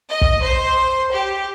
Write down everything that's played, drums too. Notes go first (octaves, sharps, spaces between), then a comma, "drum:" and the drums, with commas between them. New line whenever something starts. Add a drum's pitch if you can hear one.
D#5
drum: kick
C5
G4